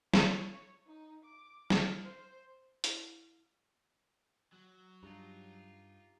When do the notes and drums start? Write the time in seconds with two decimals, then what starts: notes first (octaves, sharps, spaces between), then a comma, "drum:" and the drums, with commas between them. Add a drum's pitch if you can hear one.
0.14 C#5, drum: snare
0.86 D#4
1.25 D6
1.70 F6, drum: snare
2.02 C5
2.84 E4, drum: hi-hat
4.53 F#3
5.03 G2 D#4 F4 G4 A#5